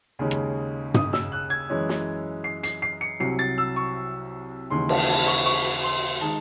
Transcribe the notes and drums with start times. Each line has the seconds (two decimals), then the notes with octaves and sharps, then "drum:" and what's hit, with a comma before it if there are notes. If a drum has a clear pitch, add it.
0.19 D#2 C#3 G#3 C#4
0.31 drum: rim click
0.94 D#6, drum: tom
1.13 E6, drum: snare
1.32 F#6
1.50 G#6
1.69 F#2 E3 G#3 C#4
1.89 drum: snare
2.44 C7
2.63 C7, drum: hi-hat
2.82 C7
3.01 C#7
3.20 C2 C3 F#3 C7
3.39 A6
3.58 E6
3.76 C#6
4.70 D#2 C#3 E3 G#3 C6
4.89 A5, drum: cymbal
5.08 A5
5.27 C#6
5.45 C#6
5.83 C6
6.21 D#3 G#3 D#4 A5